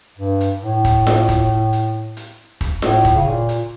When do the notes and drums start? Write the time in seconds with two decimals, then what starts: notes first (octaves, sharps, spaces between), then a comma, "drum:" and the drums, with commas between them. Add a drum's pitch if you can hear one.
0.18 G2
0.41 drum: hi-hat
0.63 A2
0.85 drum: kick, hi-hat
1.07 drum: snare F4
1.29 drum: kick, hi-hat
1.73 drum: hi-hat
2.17 drum: hi-hat
2.61 drum: kick, hi-hat
2.82 A2, drum: snare F4
3.05 drum: kick, hi-hat
3.15 C#3
3.27 A#2
3.49 drum: hi-hat